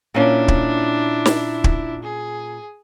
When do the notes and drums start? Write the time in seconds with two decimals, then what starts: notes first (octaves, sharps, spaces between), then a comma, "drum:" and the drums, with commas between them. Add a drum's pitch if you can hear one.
0.15 A#2 C#4 D4 E4
0.48 drum: kick
1.26 drum: snare
1.64 drum: kick
2.03 G#4